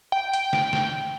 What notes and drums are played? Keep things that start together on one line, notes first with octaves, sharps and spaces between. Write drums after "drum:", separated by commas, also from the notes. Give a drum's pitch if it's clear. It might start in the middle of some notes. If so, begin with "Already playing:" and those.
G5
G5, drum: hi-hat
drum: snare
drum: snare